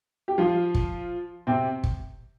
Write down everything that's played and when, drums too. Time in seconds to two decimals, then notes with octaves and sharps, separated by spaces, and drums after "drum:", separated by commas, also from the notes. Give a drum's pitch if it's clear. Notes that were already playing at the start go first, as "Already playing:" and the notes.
0.28 G4
0.38 F3 F4
0.74 drum: kick
1.47 C3 C4
1.84 drum: kick